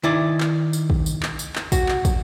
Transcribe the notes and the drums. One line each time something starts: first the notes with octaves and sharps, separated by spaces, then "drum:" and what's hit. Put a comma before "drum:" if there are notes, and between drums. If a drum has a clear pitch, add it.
D#3 E4 D5
drum: clap
drum: tambourine
drum: kick
drum: tambourine
drum: clap
drum: tambourine
drum: clap
F#4, drum: kick, tambourine
drum: clap
drum: kick, tambourine